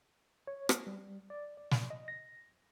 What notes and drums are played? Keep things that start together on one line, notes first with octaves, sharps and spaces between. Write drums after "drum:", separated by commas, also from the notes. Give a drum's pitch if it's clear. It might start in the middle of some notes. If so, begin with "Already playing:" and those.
C#5
A#3, drum: rim click
G3
D5
D5
drum: snare
D#5
A#6